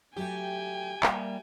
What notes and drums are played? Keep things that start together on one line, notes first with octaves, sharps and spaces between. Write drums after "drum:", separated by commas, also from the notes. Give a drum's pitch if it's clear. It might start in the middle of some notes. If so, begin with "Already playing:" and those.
F#3 A3 G4 A4 G5 G#5
G3 A#3 E5, drum: clap